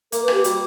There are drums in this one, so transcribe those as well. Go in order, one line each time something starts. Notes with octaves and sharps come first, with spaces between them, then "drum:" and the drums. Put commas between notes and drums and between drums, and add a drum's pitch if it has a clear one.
A#3 A#4, drum: hi-hat
B4
A#3, drum: rim click
G4
G3 F#4, drum: hi-hat